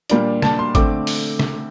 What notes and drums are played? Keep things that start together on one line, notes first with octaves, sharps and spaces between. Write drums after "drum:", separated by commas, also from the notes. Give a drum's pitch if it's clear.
A#2 G3 A#3 D4, drum: hi-hat
A5, drum: snare
C6
D3 A3 C4 D6, drum: kick G#1, hi-hat
drum: open hi-hat
drum: snare